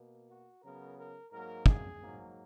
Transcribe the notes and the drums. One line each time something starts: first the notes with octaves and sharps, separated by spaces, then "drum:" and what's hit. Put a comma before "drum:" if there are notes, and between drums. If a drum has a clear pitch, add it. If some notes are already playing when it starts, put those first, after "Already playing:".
Already playing: B2 A#3
F#4
C#3 F#3 B3 A#4
A#4
G#2 F#3 A#3 A#4
G#4, drum: kick
G#2 F#3 A#3